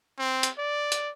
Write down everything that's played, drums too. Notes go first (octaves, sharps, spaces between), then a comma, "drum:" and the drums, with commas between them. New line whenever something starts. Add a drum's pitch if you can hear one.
C4
drum: hi-hat
D5
drum: hi-hat